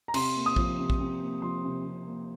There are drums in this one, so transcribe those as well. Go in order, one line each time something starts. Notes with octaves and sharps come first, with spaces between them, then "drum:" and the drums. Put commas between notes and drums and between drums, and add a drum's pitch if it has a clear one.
A#5
C3 C6, drum: cymbal
A#3
D#6
F3, drum: kick A#1
C3
drum: kick A#1
C3
A#3
F3 C6
C3
C3
A#3